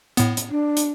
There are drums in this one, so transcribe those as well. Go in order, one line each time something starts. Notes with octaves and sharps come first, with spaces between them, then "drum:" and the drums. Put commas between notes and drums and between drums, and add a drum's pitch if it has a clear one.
A2 B3, drum: hi-hat
drum: hi-hat
D4
drum: hi-hat